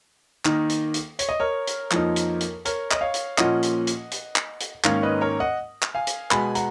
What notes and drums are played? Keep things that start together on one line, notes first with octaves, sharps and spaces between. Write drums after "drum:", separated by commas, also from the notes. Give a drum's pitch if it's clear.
D#3 A#3 D#4, drum: clap
drum: hi-hat
drum: hi-hat
C#5, drum: hi-hat
D#5
A#4 C#5
drum: hi-hat
F2 F3 A#3 D#4, drum: clap
drum: hi-hat
drum: hi-hat
A#4 C#5, drum: hi-hat
D#5, drum: clap
C#5 F5
drum: hi-hat
A#2 F3 A#3 C#4 D#5 F#5, drum: clap
drum: hi-hat
drum: hi-hat
drum: hi-hat
drum: clap
drum: hi-hat
G#2 D#3 A#3 C#4 C#5 F5, drum: clap
B4 D#5
A#4 C#5
D#5 F#5
drum: clap
F5 G#5
drum: hi-hat
B2 G#3 B3 G#5 B5, drum: clap
F#5 A#5, drum: hi-hat